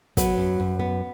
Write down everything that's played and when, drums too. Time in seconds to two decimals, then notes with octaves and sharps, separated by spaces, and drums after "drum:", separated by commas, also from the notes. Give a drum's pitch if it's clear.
0.17 F#3 B3 B4, drum: kick, hi-hat
0.38 F#2
0.60 F#2
0.80 B3